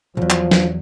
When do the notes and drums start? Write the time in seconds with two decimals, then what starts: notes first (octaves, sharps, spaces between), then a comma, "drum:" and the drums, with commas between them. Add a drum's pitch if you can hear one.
0.17 B1 E2 F3 F#3
0.30 drum: clap
0.51 drum: snare